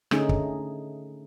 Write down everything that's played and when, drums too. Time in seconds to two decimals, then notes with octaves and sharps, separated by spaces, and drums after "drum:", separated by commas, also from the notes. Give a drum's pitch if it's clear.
0.11 D3 A3 C#4 D#4 G#4, drum: rim click
0.29 drum: kick